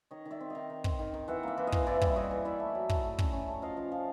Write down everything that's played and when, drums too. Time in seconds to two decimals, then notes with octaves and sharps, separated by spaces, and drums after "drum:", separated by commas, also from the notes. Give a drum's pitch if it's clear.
0.11 D#3 C#5 D#5
0.26 D#3
0.31 D5 E5
0.40 C4
0.50 D#3 D#5 F5
0.70 D#3
0.84 C4, drum: kick
0.99 D#3
1.14 D#3
1.28 E3 E5 F#5
1.43 A#3 E5 F#5
1.58 E3
1.67 D#5 F5
1.72 E3, drum: kick
1.87 E3 D5 E5
2.01 G3, drum: kick
2.16 G3 C#5 D#5
2.31 E3
2.45 E4 D5 E5
2.60 A3
2.75 F#3
2.89 A3, drum: kick
3.04 A3
3.19 C#4, drum: kick
3.33 C#4
3.48 A3
3.62 F3 D#5 F5
3.77 F3
3.92 F3